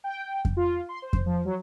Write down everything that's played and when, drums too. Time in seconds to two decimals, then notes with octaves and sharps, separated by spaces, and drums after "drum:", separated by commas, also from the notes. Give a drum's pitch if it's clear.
0.04 G5
0.45 drum: kick F2
0.57 F4
0.89 C6
1.02 C5
1.13 drum: kick F2
1.26 F3
1.45 F#3